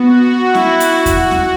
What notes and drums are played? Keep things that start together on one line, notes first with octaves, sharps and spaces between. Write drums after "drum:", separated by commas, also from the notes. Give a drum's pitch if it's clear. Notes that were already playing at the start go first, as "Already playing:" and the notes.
Already playing: B3 F#4
E4, drum: snare
drum: hi-hat
drum: kick E2, hi-hat
drum: snare